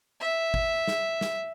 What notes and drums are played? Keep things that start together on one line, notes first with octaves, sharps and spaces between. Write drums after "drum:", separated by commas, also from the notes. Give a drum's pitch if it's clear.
E5
drum: kick
drum: snare
drum: snare